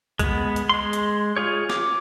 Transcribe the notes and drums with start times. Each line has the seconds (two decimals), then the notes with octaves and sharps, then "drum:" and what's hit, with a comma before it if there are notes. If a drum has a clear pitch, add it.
0.19 G#3 B3, drum: kick, hi-hat
0.56 drum: hi-hat
0.69 G#3 C6
0.93 drum: hi-hat
1.36 F4 G#4 C#5
1.70 D6, drum: snare